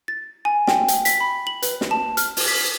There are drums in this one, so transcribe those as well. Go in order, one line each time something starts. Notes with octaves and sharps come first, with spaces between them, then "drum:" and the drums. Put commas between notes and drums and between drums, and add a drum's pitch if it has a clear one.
A6
G#5
G5, drum: snare
drum: hi-hat
B6, drum: hi-hat
B5
F#7
B4, drum: hi-hat
drum: snare
A5
F6, drum: hi-hat
drum: open hi-hat
B6